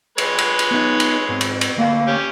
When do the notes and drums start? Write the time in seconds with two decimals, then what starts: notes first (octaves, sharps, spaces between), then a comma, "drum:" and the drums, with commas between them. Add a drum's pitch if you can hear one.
0.18 G#3 B4 C#5, drum: cymbal
0.39 drum: cymbal
0.59 drum: cymbal
0.71 B3 D#4
1.00 drum: cymbal
1.29 G#2 C4
1.41 drum: cymbal
1.61 drum: cymbal
1.77 D2 A#3 F5
2.07 C#4 G4